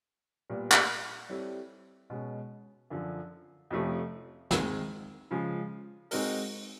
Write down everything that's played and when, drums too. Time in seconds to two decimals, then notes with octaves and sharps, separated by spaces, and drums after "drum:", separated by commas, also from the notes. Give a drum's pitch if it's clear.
0.50 A#2 G3 B3
0.72 drum: clap
1.29 G3 C4 E4 A4 C#5
2.10 B2 G#3 C#4
2.90 F#2 D3 F3
3.70 F2 C3 F3 A3 C#4
4.51 D#3 G#3 C4, drum: snare
5.31 C#3 F3 G#3
6.11 G#3 C4 D#4 F#4 A#4, drum: open hi-hat